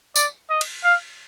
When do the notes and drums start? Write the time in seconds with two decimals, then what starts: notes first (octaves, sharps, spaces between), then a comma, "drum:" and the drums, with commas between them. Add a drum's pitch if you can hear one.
0.16 D5, drum: tambourine
0.50 D#5
0.61 drum: cymbal
0.84 F5